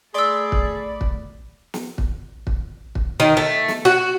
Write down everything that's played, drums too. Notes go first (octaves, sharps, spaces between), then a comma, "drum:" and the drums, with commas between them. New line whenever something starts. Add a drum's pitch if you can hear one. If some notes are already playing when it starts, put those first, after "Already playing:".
A3 G#4 D5 B5 C6 E6
drum: kick
drum: kick
drum: snare
drum: kick
drum: kick
drum: kick
D#3
A3
drum: snare
F#4